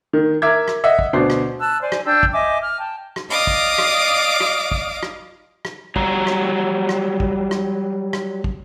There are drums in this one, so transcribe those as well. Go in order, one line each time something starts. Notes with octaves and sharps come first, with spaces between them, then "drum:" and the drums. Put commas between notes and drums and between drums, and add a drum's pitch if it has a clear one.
D#3
A#4 E5 D6 G#6
drum: rim click
D#5 E5 F#5
drum: kick
D2 B2 D4 C5 C7
drum: rim click
A5 E6 F#6
C5 D5 G#5
drum: rim click
D4 G5 E6 G6
drum: kick
D#5 E5 G#5 D6
F6
G5 A5
drum: rim click
D5 D#5 F5 D6 D#6
drum: kick
drum: rim click
drum: rim click
drum: kick
drum: rim click
drum: rim click
F#3 G3 A#5, drum: kick
drum: rim click
drum: rim click
drum: kick
drum: rim click
drum: rim click
drum: kick